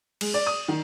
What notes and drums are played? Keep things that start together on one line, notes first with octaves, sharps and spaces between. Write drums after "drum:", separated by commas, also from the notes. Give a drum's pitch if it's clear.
G#3, drum: cymbal
D5
D#6
D#3